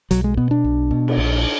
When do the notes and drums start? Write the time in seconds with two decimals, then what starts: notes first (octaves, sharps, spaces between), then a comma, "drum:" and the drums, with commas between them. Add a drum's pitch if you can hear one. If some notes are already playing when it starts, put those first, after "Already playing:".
0.11 B1 F#3, drum: hi-hat
0.24 G#3
0.37 B2 B3
0.51 D4
0.64 B1
0.91 B2
1.08 drum: cymbal
1.18 A#1